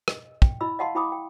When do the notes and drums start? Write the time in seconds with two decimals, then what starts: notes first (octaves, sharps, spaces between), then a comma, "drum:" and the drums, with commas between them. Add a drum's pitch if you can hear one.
0.08 D#5, drum: rim click
0.42 G5, drum: kick
0.61 E4 D#5 B5 E6
0.79 D#5 F5 F#5 A5 C6
0.95 E4 G5 B5 D6 D#6
1.12 G5